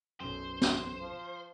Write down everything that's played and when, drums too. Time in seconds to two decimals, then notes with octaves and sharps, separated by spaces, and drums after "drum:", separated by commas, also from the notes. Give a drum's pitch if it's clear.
0.20 B1 F#2 C5
0.62 drum: snare
1.01 F3